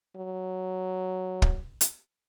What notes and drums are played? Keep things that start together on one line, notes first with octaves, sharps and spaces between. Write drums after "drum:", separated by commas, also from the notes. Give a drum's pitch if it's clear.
F#3
drum: kick
drum: hi-hat